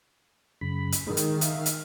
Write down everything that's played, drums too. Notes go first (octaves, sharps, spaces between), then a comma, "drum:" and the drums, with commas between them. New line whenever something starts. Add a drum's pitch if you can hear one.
F#2 C#3 B5
drum: hi-hat
D#3 G#3
drum: hi-hat
E5 F5, drum: hi-hat
drum: hi-hat